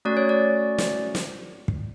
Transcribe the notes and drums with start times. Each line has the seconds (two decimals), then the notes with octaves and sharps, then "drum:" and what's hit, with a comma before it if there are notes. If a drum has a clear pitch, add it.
0.05 A3 C#4 F#4 D5
0.17 C#5
0.29 D5
0.78 drum: snare
1.15 drum: snare
1.68 drum: kick